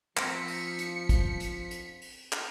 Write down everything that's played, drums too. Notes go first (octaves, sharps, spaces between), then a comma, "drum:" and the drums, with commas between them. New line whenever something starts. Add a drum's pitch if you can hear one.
F3 C4 A#5 B6 C#7, drum: clap
drum: open hi-hat
drum: hi-hat
drum: kick, hi-hat
drum: hi-hat
drum: hi-hat
drum: open hi-hat
drum: clap